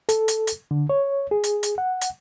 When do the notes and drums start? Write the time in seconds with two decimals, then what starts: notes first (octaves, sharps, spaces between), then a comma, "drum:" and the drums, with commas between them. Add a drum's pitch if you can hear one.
0.09 A4, drum: hi-hat
0.28 drum: hi-hat
0.47 drum: hi-hat
0.71 D3
0.90 C#5
1.31 G#4
1.44 drum: hi-hat
1.63 drum: hi-hat
1.78 F#5
2.01 drum: hi-hat